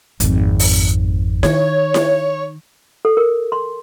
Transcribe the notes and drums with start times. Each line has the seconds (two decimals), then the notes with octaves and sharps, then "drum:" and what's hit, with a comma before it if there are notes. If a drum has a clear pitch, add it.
0.20 G#1 F2, drum: hi-hat
0.59 drum: open hi-hat
1.43 D#3 C#5, drum: snare E4
1.94 drum: snare E4
3.05 A4
3.17 A#4
3.52 C6